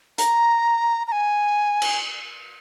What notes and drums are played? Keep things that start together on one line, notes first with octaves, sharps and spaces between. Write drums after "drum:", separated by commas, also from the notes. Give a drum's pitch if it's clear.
A#5, drum: hi-hat
A#5
G#5
drum: cymbal